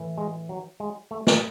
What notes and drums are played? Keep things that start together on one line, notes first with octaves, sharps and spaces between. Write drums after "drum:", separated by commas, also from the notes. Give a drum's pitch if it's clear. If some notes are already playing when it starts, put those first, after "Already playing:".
Already playing: A2 E3
G#3
F#3
G#3
A3
drum: snare